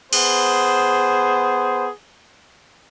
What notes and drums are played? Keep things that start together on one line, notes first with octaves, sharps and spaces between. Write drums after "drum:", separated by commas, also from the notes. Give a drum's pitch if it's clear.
B3 G#4 C5, drum: cymbal